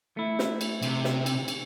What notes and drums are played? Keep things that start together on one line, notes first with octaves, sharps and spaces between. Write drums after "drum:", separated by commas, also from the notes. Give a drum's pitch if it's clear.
A3 E4
drum: snare
drum: cymbal
C3, drum: cymbal
drum: snare
drum: cymbal
drum: cymbal